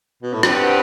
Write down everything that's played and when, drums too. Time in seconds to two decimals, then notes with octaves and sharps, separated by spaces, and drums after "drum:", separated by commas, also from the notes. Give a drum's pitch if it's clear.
0.23 B2
0.33 A2
0.43 G2 C4 G4 B4 F#5, drum: rim click